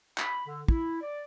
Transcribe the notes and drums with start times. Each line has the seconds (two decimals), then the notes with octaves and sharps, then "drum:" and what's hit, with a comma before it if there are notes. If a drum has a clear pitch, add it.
0.18 B5, drum: clap
0.46 D3
0.69 E4, drum: kick
1.01 D5